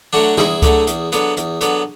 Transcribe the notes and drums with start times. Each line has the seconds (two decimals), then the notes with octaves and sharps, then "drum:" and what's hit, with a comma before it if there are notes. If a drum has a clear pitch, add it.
0.13 D3 F#3 A3 D4 F#4
0.37 E2 E4 G#4, drum: snare
0.62 D3 F#3 A3, drum: kick C#2, hi-hat
0.87 E2, drum: hi-hat
1.12 D3 F#3 B3, drum: hi-hat
1.37 E2, drum: hi-hat
1.61 D3 F#3 B3, drum: hi-hat